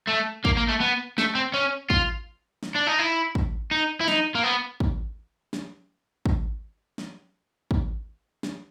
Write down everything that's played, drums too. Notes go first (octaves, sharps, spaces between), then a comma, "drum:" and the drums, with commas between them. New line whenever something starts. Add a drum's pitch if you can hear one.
A3
A#3, drum: kick
A#3
A3
B3
A3, drum: snare
C4
C#4
F4, drum: kick
drum: snare
D4
D#4
E4
drum: kick
D#4
E4
D#4, drum: snare
A#3
B3
drum: kick
drum: snare
drum: kick
drum: snare
drum: kick
drum: snare